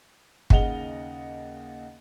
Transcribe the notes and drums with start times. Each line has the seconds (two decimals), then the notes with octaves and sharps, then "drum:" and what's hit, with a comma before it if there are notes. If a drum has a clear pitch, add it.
0.50 D#2 C#3 D#5 F#5 F7 G7, drum: kick